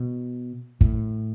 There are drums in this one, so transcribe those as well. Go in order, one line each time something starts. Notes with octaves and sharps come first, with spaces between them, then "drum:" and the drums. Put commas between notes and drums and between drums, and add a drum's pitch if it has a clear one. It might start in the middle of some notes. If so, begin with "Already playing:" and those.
Already playing: B2
A2, drum: kick